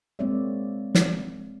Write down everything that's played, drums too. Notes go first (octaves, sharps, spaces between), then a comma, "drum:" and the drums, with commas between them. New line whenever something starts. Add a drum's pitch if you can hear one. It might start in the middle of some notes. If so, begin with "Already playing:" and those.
G#3 A#3 C4 C#5 D5 E5
drum: snare